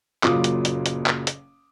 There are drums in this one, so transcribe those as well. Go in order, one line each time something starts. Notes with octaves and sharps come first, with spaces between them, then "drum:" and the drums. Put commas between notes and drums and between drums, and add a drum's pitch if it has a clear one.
F#1 A#2 F#3 F4 D6 D#6, drum: clap
drum: hi-hat
drum: hi-hat
drum: hi-hat
drum: clap
drum: hi-hat